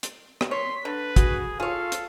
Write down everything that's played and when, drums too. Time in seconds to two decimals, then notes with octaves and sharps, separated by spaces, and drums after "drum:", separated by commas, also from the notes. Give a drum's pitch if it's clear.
0.03 drum: hi-hat
0.41 drum: rim click
0.51 C#5 C6 B6
0.85 D3 B4
1.16 F#4 G#4, drum: kick, hi-hat
1.60 F4 G#4 A4 C#5 F5
1.92 drum: hi-hat